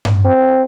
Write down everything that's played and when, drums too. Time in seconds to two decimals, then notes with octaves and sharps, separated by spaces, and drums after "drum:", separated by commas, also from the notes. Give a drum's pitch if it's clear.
0.05 drum: tom G2
0.25 C4